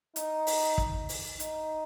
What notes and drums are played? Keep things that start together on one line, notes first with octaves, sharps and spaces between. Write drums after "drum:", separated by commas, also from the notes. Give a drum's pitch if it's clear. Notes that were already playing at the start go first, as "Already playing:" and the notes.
D#4, drum: hi-hat
drum: open hi-hat
drum: kick
drum: open hi-hat
D#4, drum: hi-hat